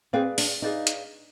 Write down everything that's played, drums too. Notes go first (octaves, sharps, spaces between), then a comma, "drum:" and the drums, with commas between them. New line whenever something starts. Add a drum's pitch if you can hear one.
C4 G#4 B4 D5 F5
D4, drum: open hi-hat
D#4 G#4 B4 D5 F5
drum: hi-hat